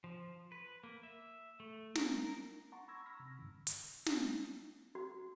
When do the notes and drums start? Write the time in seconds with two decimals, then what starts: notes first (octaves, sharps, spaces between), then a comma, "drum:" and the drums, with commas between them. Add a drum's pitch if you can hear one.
0.04 F3
0.52 B4
0.83 A#3
1.03 E5
1.60 A3
1.95 A#4, drum: snare
2.72 F#5 A5 A#5 C6 C#6
2.88 B5 C#6 E6 G#6 A#6
3.06 B5 C#6 E6 F6 A#6 B6
3.20 C3
3.39 G2 D3 D#3
3.67 drum: hi-hat
4.06 drum: snare
4.95 F#4